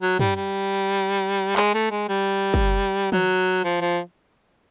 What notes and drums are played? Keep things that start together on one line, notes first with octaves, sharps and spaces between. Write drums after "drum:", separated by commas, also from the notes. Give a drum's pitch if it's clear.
F#3
G3, drum: tom
G3
drum: hi-hat
G#3, drum: clap
A3
G#3
G3
drum: kick
F#3, drum: tom
F3
F3